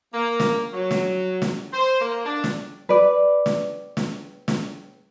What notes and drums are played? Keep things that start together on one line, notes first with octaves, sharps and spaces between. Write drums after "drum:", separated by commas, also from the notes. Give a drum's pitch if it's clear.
A#3
drum: snare
F#3
drum: snare
drum: snare
C5
A#3
D4
drum: snare
B4 D5
drum: snare
drum: snare
drum: snare